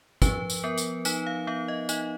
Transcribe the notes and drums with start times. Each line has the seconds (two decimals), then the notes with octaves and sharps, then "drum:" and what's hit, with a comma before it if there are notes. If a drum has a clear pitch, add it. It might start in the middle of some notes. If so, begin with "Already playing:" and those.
0.22 F3 B4, drum: kick, tambourine
0.50 drum: tambourine
0.64 B3 A#4
0.78 drum: tambourine
1.05 D#4 B4, drum: tambourine
1.26 F5
1.47 B3 F5
1.68 D#5
1.89 D#4 D#5, drum: tambourine